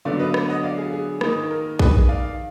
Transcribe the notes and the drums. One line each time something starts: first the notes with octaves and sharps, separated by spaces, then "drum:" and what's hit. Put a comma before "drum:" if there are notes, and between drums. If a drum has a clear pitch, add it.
D3 F#3 B3 D5 F5
B4 D#5
drum: rim click
D#5 F#5
D5 F5
G#4
G#4
D#3 A#3 D#4, drum: rim click
A#4
G#4 B4, drum: kick A#1
D5 F5